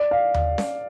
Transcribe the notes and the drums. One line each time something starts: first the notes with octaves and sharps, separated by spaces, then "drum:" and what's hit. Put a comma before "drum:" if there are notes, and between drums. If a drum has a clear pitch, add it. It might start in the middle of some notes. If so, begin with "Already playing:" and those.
Already playing: D5
F5
drum: tom D#2
drum: snare C#4